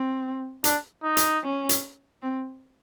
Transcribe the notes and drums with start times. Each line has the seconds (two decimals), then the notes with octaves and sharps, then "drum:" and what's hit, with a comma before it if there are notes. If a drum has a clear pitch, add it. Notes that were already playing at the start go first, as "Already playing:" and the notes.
Already playing: C4
0.64 D4, drum: hi-hat
1.03 D#4
1.17 drum: hi-hat
1.44 C#4
1.69 drum: hi-hat
2.22 C4